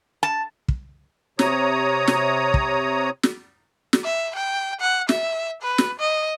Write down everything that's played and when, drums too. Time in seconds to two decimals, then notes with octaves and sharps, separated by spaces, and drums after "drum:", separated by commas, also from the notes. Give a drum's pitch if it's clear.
0.23 A5
0.68 drum: kick
1.39 C3 C#5 A#5 D#6, drum: snare
2.07 drum: snare
2.54 drum: kick
3.23 drum: snare
3.93 drum: snare
4.04 E5
4.36 G5
4.80 F#5
5.09 E5, drum: snare
5.62 B4
5.78 drum: snare
6.00 D#5